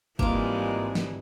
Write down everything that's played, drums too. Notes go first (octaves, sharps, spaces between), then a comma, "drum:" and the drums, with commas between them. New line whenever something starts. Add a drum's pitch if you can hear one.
G#1 E3 G3 G#3 A#3 F4, drum: kick
drum: snare